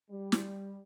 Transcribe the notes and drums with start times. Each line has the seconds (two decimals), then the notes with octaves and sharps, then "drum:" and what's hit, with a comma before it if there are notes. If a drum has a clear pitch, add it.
0.11 G3
0.32 drum: snare